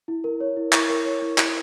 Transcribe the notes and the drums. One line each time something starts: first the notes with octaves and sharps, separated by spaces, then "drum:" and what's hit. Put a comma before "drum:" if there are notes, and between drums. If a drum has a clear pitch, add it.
E4
A#4
C#5
E4
E4 C#6, drum: clap
A#4
C#5
E4
E4 D#6, drum: clap